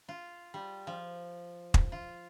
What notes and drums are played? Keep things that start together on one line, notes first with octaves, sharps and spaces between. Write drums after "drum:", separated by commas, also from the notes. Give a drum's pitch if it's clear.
F4
G3
F3
drum: kick
F4